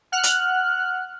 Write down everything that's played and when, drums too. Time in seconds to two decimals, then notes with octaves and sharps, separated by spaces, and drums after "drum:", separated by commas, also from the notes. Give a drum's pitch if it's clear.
0.12 F#5 F6 F#6
0.23 drum: hi-hat